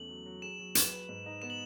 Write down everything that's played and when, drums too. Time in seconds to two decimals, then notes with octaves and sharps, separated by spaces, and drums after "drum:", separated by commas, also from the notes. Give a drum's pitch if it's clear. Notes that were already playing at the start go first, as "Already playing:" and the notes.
Already playing: E2 A3 C#4 F#7
0.09 F#3
0.26 F#3
0.42 G#4 E7
0.59 F#3
0.75 B4 E7, drum: hi-hat
0.93 B4
1.09 G#2
1.26 D#4
1.42 B3 E7
1.50 F#7